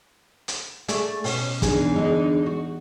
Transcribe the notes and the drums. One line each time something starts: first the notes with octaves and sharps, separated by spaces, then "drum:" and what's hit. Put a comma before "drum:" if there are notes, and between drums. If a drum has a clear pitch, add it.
drum: hi-hat
A3 G#4 D5, drum: hi-hat
B2 C#4, drum: open hi-hat
E2 D4 D#4 G#4, drum: kick, hi-hat
D3 G#3 D4
F#4